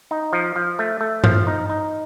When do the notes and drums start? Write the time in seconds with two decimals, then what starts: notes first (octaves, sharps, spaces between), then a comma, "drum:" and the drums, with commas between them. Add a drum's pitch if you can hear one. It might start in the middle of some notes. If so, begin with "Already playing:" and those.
0.11 D#4
0.33 F3
0.56 F3
0.79 A3
1.01 A3
1.24 F3, drum: tom G2
1.47 D#4
1.69 D#4